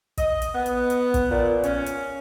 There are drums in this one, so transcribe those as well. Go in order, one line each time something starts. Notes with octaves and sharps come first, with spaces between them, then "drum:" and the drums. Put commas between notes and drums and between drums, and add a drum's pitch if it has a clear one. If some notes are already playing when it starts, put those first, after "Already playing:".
D#5, drum: kick, hi-hat
drum: hi-hat
B3
drum: hi-hat
drum: hi-hat
drum: kick, hi-hat
A#2
C#4, drum: hi-hat
drum: hi-hat